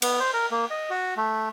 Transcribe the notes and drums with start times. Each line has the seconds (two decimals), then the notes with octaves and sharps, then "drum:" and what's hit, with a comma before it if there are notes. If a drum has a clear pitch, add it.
0.02 B3, drum: cymbal
0.20 C5
0.34 A#4
0.51 A#3
0.70 D#5
0.90 F#4
1.17 A3